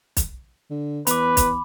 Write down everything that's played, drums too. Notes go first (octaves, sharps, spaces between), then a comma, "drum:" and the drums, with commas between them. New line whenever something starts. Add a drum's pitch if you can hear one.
drum: kick, hi-hat
D3
E2 B4 B5 D6, drum: hi-hat
drum: kick, hi-hat